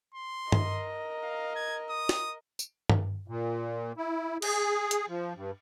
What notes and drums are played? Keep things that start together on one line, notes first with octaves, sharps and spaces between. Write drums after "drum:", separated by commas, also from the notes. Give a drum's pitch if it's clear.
C6
A#4 D#5, drum: tom G2
F5
G#6
D#6
drum: snare
drum: tambourine
drum: tom G2
A#2
E4
G#4, drum: cymbal
drum: hi-hat
F3
G2